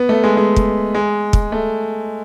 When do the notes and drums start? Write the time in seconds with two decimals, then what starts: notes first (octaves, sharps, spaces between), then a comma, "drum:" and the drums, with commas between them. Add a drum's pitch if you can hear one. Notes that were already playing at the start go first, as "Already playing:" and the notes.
Already playing: B3
0.09 A3
0.23 G#3
0.37 G#3
0.56 drum: kick
0.95 G#3
1.33 drum: kick
1.52 A3